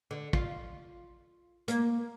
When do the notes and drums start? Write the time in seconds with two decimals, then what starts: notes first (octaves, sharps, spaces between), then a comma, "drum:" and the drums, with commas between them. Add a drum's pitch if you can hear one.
0.11 D3
0.33 F4, drum: kick
1.68 A#3, drum: hi-hat